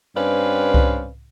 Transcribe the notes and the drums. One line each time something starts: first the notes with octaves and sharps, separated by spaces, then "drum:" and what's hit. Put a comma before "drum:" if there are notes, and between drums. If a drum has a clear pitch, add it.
G2 C4 C#4 B4 D5 F5
drum: kick C2